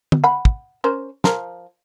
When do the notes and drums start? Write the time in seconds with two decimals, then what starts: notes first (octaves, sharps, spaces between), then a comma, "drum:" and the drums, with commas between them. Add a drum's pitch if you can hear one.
0.12 drum: tom D3
0.24 F#5 B5
0.45 drum: kick
0.84 C#4 A#4 C5
1.24 F3 A#4, drum: snare